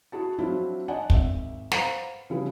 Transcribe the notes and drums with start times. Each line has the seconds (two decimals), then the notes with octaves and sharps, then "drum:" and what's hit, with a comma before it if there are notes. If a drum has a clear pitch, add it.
0.12 E4 F#4 G#4 A5
0.38 F3 F#3 C4 D4 E4 F4
0.88 D4 D5 D#5 F#5 G#5 A5
1.10 G#1 E5, drum: kick
1.72 B4 C5 F5 F#5 A#5 B5, drum: snare
2.30 C#3 F3 G3 E4 G#4 B4